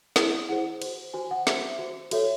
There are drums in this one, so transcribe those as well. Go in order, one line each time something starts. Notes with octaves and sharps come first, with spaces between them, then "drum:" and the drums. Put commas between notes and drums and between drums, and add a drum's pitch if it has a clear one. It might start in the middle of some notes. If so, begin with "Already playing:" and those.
E4 G#4 C5, drum: snare
E4 G#4 C5 F#5
F#4 C5, drum: cymbal
F#4 C5 G#5
F#5
F#4 C5 E5, drum: snare
F#4 C5
F#4 A4 C#5 E5, drum: cymbal